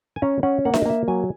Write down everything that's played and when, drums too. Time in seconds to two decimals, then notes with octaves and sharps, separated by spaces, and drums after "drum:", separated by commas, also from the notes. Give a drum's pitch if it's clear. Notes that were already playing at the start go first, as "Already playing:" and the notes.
0.16 G#5
0.22 C#4 A#5
0.43 C#4 F#5
0.65 A#3 F#5
0.74 E5, drum: snare D4
0.82 D#5
0.86 A#3 E5
1.08 F#3 G#5